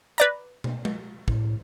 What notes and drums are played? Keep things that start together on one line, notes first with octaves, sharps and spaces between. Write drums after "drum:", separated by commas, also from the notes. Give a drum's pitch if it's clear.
B4 D5 A#5
drum: tom
drum: tom G#3
A2, drum: kick